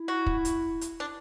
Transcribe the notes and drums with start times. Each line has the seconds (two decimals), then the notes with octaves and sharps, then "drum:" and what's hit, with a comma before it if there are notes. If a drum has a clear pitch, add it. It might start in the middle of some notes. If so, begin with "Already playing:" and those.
Already playing: E4
0.08 F#4
0.26 drum: kick
0.45 drum: hi-hat
0.81 drum: hi-hat
1.00 D4